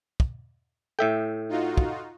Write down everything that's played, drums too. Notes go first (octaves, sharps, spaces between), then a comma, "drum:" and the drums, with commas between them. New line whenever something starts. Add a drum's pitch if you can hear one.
drum: kick
A2 A4 E5 G5
D#4 F4 F#4
drum: kick